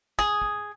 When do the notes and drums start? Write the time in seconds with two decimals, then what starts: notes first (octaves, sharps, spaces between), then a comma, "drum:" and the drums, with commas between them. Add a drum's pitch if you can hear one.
0.19 G#4, drum: kick
0.42 drum: kick